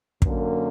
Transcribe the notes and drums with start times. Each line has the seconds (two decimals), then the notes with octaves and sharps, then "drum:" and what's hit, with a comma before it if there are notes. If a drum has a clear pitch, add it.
0.22 F#2 D3 A#3, drum: kick